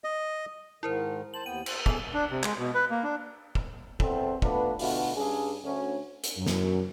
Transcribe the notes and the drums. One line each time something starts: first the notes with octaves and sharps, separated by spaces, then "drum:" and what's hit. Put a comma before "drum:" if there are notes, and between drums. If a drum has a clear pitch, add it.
D#5
G#2 D#3 E4 A#4 C5
C5 A5 F#7
D#2 B3 G5 D#7
C5, drum: cymbal
B3 G#4 A4 F7, drum: kick
D4
C3
G#3, drum: clap
B2
B4
A#3
D4
drum: kick
E2 C4 A4, drum: kick
A3 B3 D4 F4 B4, drum: kick
B2 D3 E3 A3 F4 F#4, drum: open hi-hat
G2 C#4 D4 G#4
D2 C#4
drum: hi-hat
F#2
drum: snare